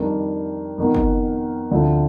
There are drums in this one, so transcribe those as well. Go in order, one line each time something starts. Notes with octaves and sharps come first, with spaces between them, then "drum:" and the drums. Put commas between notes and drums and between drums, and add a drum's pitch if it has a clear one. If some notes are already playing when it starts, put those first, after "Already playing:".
Already playing: F2 D#3 G3 D4
F2 D#3 B3
drum: kick
D2 D3 F3 C4